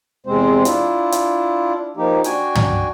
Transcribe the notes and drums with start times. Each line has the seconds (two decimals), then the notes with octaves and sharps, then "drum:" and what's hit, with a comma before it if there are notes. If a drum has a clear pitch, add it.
0.26 E2 C3 G#3 C4 C5
0.65 D4 E4 F4, drum: hi-hat
1.12 drum: hi-hat
1.97 F3 A#3 D#4 G4
2.24 D4 F#4 G5 G#5, drum: hi-hat
2.55 drum: tom